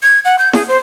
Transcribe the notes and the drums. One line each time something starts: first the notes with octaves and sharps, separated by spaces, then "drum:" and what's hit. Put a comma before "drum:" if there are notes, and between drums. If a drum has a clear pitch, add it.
G#6
F#5
G6
G#4, drum: snare E4
C5